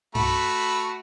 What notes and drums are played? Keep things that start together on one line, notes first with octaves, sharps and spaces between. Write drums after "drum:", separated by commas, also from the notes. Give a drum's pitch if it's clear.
A3 F#4 B5, drum: tom G2